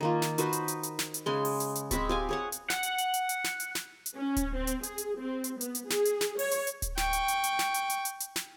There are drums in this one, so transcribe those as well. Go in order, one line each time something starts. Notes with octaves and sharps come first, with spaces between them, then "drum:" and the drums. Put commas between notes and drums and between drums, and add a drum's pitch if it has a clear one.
D#3 A#3 F4
drum: snare
D#4 F#4 B4 C5, drum: hi-hat
drum: hi-hat
drum: hi-hat
drum: hi-hat
drum: snare
drum: hi-hat
C#3 G#3 C6
drum: open hi-hat
drum: hi-hat
drum: hi-hat
G#3 C4 B5 C#6, drum: kick D1, hi-hat
G4 F5 G#5
G#4 C#5 F#5
drum: hi-hat
F#5, drum: snare
drum: hi-hat
drum: hi-hat
drum: hi-hat
drum: hi-hat
drum: snare
drum: hi-hat
drum: snare
drum: hi-hat
C#4
drum: kick D1, hi-hat
C4
drum: hi-hat
G#4, drum: hi-hat
drum: hi-hat
C4
drum: hi-hat
B3, drum: hi-hat
drum: hi-hat
G#4, drum: snare
drum: hi-hat
drum: snare
C#5, drum: open hi-hat
drum: hi-hat
drum: hi-hat
drum: kick D1, hi-hat
G5 C#6, drum: snare
drum: hi-hat
drum: hi-hat
drum: hi-hat
drum: snare
drum: hi-hat
drum: hi-hat
drum: hi-hat
drum: hi-hat
drum: snare